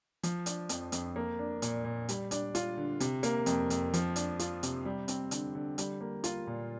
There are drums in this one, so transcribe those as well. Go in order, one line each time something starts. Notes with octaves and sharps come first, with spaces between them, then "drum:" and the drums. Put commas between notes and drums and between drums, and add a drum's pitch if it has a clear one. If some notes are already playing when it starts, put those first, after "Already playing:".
F3, drum: hi-hat
D4, drum: hi-hat
F2, drum: hi-hat
F2, drum: hi-hat
A#3
D4
A#2, drum: hi-hat
A#2
G3, drum: hi-hat
D4, drum: hi-hat
F4, drum: hi-hat
D3
C3, drum: hi-hat
A#3, drum: hi-hat
F2, drum: hi-hat
F2, drum: hi-hat
F3, drum: hi-hat
D4, drum: hi-hat
F4, drum: hi-hat
C3, drum: hi-hat
G3
C4, drum: hi-hat
D3, drum: hi-hat
D3
G3, drum: hi-hat
A#3
F4, drum: hi-hat
A#2